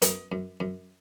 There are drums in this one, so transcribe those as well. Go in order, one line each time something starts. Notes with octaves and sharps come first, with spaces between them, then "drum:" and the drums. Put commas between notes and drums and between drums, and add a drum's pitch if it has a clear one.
F#2 B3, drum: hi-hat
F#2
F#2